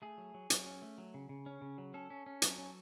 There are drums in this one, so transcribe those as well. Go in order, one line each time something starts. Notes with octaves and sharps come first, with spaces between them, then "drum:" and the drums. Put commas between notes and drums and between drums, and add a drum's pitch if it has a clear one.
A3 G#4
F#3
F#3
F#3, drum: hi-hat
C#4
A3
F#3
C#3
C#3
C#4
C#3
F#3
C#4 A4
C#4
C#4
F#3, drum: hi-hat
C#4